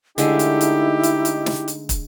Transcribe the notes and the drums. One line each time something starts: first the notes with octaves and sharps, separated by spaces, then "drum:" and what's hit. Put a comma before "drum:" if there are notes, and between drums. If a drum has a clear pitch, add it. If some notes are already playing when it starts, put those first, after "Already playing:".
D3 G#3 A3 D#4 E4 G4, drum: hi-hat
drum: hi-hat
drum: hi-hat
drum: hi-hat
drum: hi-hat
drum: snare
drum: hi-hat
drum: kick, hi-hat